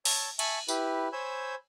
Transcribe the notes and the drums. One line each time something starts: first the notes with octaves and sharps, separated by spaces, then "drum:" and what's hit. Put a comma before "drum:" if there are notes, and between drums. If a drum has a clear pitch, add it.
C#5 A5 E6, drum: open hi-hat
E5 G#5 A5 C#6, drum: cymbal
E4 G4 B4, drum: tambourine
C5 C#5 G#5 B5 E6 G6